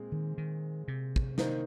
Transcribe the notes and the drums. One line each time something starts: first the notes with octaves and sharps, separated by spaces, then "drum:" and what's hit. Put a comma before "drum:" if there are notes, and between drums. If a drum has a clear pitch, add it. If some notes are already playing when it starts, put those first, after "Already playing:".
Already playing: A#2 G#3 C4
D#3
D#3
C3
drum: kick
D#3 A#3 D#4 C5, drum: snare